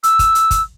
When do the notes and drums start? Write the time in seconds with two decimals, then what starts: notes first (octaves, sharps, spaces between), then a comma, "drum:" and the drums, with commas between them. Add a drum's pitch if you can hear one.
0.03 E6, drum: hi-hat
0.19 drum: kick, hi-hat
0.35 drum: hi-hat
0.51 drum: kick, hi-hat